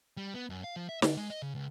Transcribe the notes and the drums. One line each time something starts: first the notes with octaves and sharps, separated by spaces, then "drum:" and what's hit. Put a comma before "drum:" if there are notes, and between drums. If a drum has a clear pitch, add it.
G3
B3
F#2
F5
F3
E5
D3, drum: snare
G#3
D#5
C#3
C#2